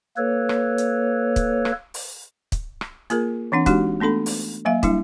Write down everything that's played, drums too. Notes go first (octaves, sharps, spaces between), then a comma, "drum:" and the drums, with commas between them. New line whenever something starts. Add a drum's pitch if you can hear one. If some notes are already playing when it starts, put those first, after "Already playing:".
A#3 A4 B4 C#5
drum: rim click
drum: hi-hat
drum: kick, hi-hat
drum: rim click
drum: open hi-hat
drum: kick, hi-hat
drum: rim click
A#3 F4 G#4 A#4, drum: hi-hat
E3 C4 D4 F#5
G#3 D4 D#4 F#4 G4, drum: kick, hi-hat
A3 B3 D4 A4 B5
drum: open hi-hat
F#3 A#3 E5 F5
G3 D4 E4, drum: kick, hi-hat